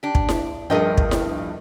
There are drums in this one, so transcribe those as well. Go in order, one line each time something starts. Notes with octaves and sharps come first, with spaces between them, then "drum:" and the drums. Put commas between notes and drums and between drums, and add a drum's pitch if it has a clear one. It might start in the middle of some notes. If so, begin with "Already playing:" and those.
D4 G4
drum: kick
drum: snare E4
A#1 G2 F3 A3 G#4 A#4 D#5 G5
drum: kick
drum: snare E4